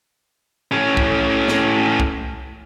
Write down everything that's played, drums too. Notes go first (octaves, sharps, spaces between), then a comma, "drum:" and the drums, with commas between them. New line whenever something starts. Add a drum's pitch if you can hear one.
A2 C#4
drum: kick
drum: snare
drum: kick